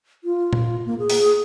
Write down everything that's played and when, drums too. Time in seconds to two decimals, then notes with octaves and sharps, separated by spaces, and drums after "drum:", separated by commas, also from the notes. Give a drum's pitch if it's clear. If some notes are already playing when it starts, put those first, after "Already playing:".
0.24 F4
0.53 drum: tom A#2
0.86 A#3
0.99 G#4
1.10 drum: open hi-hat